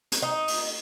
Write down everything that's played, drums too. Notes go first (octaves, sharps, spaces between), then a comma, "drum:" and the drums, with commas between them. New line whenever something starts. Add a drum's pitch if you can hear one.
drum: hi-hat
D#4
drum: open hi-hat